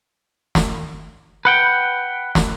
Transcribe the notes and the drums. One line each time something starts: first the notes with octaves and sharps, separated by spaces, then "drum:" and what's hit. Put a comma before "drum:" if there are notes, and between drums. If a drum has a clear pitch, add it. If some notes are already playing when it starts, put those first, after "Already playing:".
drum: snare
B4 F#5 G5
drum: snare